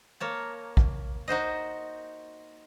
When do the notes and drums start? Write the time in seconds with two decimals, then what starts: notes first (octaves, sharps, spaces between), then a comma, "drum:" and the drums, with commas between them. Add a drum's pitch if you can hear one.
0.20 A#3 C#5 A5
0.77 drum: kick A#1
1.28 D#4 F#4 C5 D#5